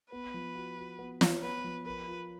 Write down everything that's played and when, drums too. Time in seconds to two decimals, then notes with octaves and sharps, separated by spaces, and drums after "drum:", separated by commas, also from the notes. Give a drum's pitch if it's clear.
0.12 B3 B4
0.34 F3
0.55 F#4
0.78 F#4
0.99 B3
1.21 C#5, drum: snare
1.42 B3 B4
1.64 F3
1.86 A#4 B4
2.08 F4